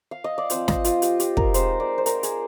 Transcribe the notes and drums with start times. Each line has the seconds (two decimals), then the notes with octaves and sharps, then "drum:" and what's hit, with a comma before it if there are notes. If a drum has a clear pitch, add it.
0.11 F5
0.24 D#5
0.38 D5
0.50 F3 C4 F4 C5, drum: hi-hat
0.68 D#5, drum: snare
0.84 F4, drum: hi-hat
1.02 G4, drum: hi-hat
1.20 G4, drum: hi-hat
1.37 A#4, drum: kick
1.54 G#3 C4 D#4 C5, drum: hi-hat
1.80 D5
1.98 C5
2.06 A#4, drum: hi-hat
2.23 G#4, drum: hi-hat